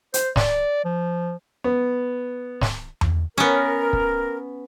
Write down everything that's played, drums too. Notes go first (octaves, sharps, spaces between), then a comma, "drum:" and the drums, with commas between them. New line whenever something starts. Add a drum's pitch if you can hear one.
C5, drum: hi-hat
D5, drum: snare
F3
B3
drum: snare
drum: tom E2
B3 C#4 A#4
drum: kick